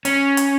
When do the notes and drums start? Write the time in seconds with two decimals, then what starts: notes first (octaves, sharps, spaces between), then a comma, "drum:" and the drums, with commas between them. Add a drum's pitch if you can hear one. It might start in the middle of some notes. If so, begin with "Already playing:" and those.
0.05 C#4, drum: hi-hat
0.37 drum: hi-hat